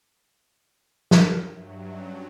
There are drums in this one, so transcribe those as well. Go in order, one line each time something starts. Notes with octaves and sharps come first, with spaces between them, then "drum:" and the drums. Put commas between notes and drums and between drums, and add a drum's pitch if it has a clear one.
A#4, drum: snare
G2 F#3 E5
C#4